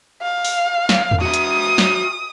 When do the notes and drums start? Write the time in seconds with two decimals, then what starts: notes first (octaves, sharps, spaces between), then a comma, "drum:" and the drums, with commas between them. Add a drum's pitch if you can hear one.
0.22 F5
0.45 drum: open hi-hat
0.89 drum: snare
1.11 drum: tom E2
1.22 F#4 E5 D#6
1.34 drum: hi-hat
1.78 drum: snare